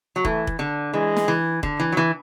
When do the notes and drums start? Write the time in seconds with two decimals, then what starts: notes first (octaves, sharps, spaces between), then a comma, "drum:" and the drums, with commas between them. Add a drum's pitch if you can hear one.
0.16 F#3
0.25 E3 A3, drum: kick
0.47 drum: kick
0.59 D3
0.94 E3 G#3
1.16 drum: snare
1.28 E3
1.63 D3, drum: kick
1.80 E3
1.92 F#3
1.97 E3